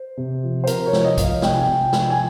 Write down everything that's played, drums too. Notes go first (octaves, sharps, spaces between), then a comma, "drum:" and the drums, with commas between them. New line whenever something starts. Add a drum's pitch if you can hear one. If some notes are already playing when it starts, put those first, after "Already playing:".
Already playing: C5
C3
F3
C5
C3 A#4, drum: hi-hat
C#5
F3, drum: snare
D#5
F3 D#5, drum: kick, hi-hat
F5
C3 G5, drum: snare
G#5
G5
C3
F3, drum: snare
G#5